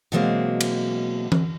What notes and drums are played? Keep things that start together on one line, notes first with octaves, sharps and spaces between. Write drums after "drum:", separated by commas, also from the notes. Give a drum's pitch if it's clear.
B2 E3 F#3 G#3 A#3 C4
drum: cymbal
drum: tom E3